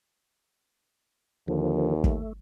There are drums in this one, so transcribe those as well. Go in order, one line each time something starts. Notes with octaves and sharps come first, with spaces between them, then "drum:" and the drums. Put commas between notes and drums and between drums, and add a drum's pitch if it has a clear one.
D#2 D3 D#3 F3
A3, drum: kick